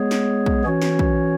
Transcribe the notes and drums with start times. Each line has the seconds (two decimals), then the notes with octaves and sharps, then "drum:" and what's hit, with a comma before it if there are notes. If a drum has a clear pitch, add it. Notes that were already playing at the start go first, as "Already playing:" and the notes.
Already playing: G#3 B3 G#4 C#5
0.11 drum: snare
0.46 drum: kick B1
0.64 E3 C#4 F#4 C#5
0.82 drum: snare
0.99 drum: kick B1